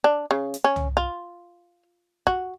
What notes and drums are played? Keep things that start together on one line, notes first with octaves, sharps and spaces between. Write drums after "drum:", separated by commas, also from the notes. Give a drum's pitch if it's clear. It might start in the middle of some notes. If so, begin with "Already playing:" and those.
D4
C#3
drum: hi-hat
C#4
drum: tom
F4
F#4, drum: kick